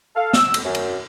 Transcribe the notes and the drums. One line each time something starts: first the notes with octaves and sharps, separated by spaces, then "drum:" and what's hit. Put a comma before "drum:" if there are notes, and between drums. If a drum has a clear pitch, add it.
A4 F5
E6, drum: snare
drum: cymbal
F#2
drum: cymbal